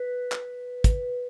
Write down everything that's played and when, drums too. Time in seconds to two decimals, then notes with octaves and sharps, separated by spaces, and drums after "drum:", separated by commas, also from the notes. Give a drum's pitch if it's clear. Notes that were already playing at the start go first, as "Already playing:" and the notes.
Already playing: B4
0.32 drum: clap
0.84 drum: kick, hi-hat